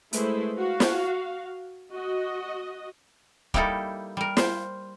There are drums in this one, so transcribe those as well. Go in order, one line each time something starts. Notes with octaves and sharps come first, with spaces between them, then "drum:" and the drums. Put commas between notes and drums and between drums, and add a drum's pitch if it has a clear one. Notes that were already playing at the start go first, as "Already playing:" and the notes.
G#3 A3 E4 B4 C5, drum: hi-hat
F#4 F5
drum: snare
F#4 D#5
G3 A#3 D#4 E4 G4 A4, drum: kick
G3 A#4
C5, drum: snare